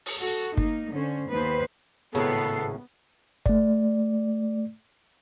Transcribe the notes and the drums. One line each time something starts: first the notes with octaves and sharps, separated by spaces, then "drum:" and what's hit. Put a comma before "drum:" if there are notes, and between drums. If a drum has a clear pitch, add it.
drum: open hi-hat
F#4 A4
A#3 D#4, drum: kick
D3 C#4 C5
D#2 B3 B4 C5
G#1 A2 C#3 B3 A4 A#4 C7, drum: hi-hat
A3 D5, drum: kick